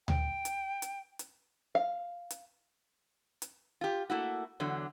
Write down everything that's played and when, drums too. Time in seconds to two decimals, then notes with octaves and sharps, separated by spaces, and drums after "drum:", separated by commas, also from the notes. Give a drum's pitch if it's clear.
0.08 G5, drum: tom D2
0.45 drum: hi-hat
0.82 drum: hi-hat
1.19 drum: hi-hat
1.75 F5
2.30 drum: hi-hat
3.42 drum: hi-hat
3.81 F4 G4
4.10 A3 A#3 E4 F#4
4.60 E2 D3 F#3